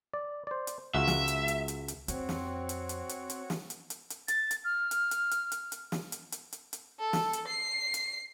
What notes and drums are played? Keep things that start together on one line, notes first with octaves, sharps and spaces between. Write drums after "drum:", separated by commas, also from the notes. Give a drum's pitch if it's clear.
D5
C5 D5
drum: hi-hat
C#2 F#4 E5 F5
drum: snare
drum: hi-hat
drum: hi-hat
drum: hi-hat
drum: hi-hat
F2 C4 F#4 C#5, drum: hi-hat
drum: snare
drum: hi-hat
drum: hi-hat
drum: hi-hat
drum: hi-hat
drum: snare
drum: hi-hat
drum: hi-hat
drum: hi-hat
A6, drum: hi-hat
drum: hi-hat
F6
drum: hi-hat
drum: hi-hat
drum: hi-hat
drum: hi-hat
drum: hi-hat
drum: snare
drum: hi-hat
drum: hi-hat
drum: hi-hat
drum: hi-hat
A4
drum: snare
drum: hi-hat
C7
drum: hi-hat